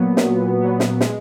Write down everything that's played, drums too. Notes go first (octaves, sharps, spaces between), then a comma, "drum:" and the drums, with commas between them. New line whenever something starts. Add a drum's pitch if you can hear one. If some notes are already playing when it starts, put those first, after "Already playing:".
Already playing: A#2 F#3 B3
A#2, drum: snare
F#3 B3
drum: snare
G#3, drum: snare